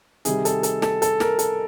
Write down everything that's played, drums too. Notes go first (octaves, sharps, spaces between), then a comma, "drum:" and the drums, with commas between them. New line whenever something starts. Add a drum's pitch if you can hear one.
C3 D#3 G3 G#4, drum: hi-hat
A4, drum: hi-hat
A4, drum: hi-hat
A4, drum: snare
A4, drum: hi-hat
A#4, drum: snare
A4, drum: hi-hat